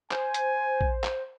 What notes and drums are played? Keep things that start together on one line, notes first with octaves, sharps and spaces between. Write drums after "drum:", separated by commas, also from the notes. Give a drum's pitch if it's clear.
C5 G#5, drum: clap
drum: hi-hat
drum: kick
drum: clap